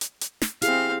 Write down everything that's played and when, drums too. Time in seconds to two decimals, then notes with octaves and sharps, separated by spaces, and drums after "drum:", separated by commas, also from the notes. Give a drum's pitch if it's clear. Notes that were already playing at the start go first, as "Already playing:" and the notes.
0.01 drum: hi-hat
0.21 drum: hi-hat
0.42 drum: snare
0.62 C4 E4 G4 G#4 F5, drum: hi-hat